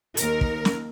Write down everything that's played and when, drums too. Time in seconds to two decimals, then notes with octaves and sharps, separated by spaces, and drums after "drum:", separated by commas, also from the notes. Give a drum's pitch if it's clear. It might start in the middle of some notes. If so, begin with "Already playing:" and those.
0.17 D#2 A#4, drum: hi-hat
0.41 drum: kick
0.65 drum: snare